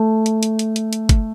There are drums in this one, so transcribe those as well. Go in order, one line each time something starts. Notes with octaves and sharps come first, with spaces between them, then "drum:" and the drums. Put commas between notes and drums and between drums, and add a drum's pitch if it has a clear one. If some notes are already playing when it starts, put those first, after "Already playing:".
Already playing: A3
drum: hi-hat
drum: hi-hat
drum: hi-hat
drum: hi-hat
drum: hi-hat
drum: kick, hi-hat